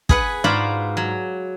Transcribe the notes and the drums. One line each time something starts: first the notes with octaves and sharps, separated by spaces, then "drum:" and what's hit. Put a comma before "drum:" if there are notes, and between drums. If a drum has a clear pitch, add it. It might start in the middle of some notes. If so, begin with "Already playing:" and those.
G#4 B4 F#5, drum: kick
G#2 F4 F#4 D5 F5 B5
F#3